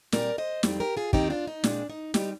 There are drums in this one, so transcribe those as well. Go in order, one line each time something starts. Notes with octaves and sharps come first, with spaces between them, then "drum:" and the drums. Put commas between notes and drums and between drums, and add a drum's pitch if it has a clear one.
A#2 G3 C4 A#4 D5, drum: snare
C5 D#5
F2 D#3 G3 C4, drum: snare
G4 A#4
F4 G#4
D#2 D#3 G#3 C4 D#4 G4, drum: kick
D4 F4
D#4
A#2 G#3 C4 D4, drum: snare
D#4
G3 C4 D#4 G4, drum: snare